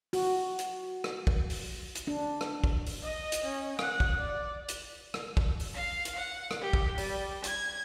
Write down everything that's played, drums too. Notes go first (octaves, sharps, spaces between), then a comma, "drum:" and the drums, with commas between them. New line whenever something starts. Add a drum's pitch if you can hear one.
F#4, drum: open hi-hat
drum: hi-hat
drum: rim click
drum: kick
drum: open hi-hat
drum: hi-hat
D4
drum: rim click
drum: kick
drum: open hi-hat
D#5
drum: hi-hat
C#4
F#5, drum: rim click
drum: kick
D5
drum: hi-hat
drum: rim click
drum: kick
drum: open hi-hat
F5
drum: hi-hat
F#5
drum: rim click
G4
drum: kick
G3, drum: open hi-hat
G#6, drum: hi-hat